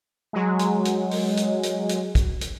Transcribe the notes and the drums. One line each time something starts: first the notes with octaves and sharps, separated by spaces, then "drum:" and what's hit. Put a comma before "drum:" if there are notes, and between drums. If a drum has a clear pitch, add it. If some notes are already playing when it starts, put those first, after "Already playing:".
F#3 G#3
drum: hi-hat
drum: hi-hat
drum: open hi-hat
drum: hi-hat
drum: hi-hat
drum: hi-hat
drum: kick, hi-hat
drum: hi-hat